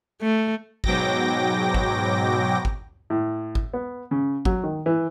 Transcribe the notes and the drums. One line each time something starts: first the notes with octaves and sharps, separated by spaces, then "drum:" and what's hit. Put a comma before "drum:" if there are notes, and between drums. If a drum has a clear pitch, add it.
A3
G#2 B2 F#3 G5 D6 A#6, drum: kick
drum: kick
drum: kick
A2
drum: kick
B3
C#3
F#3, drum: kick
D#3
E3